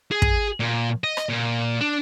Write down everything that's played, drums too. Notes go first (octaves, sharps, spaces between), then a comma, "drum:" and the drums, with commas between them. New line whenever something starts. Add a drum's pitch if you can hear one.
G#4
drum: kick
A#2
D#5
drum: rim click
A#2
D4